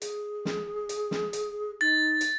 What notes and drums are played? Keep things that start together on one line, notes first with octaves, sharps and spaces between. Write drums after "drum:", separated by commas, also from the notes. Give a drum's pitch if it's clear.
G#4, drum: hi-hat
drum: snare
drum: hi-hat
drum: snare
drum: hi-hat
D#4 A6
drum: hi-hat